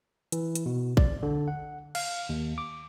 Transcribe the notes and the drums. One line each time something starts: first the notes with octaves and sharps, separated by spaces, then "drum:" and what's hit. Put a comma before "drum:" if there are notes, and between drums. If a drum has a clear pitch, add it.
E3, drum: hi-hat
drum: hi-hat
B2
D5, drum: kick A1
D3
F#5
F5, drum: cymbal
D#2
D6